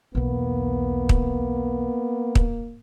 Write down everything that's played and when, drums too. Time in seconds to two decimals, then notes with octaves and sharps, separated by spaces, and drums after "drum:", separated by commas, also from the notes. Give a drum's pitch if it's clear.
0.15 B1 E2 A#3 B3
1.09 drum: kick
2.35 drum: kick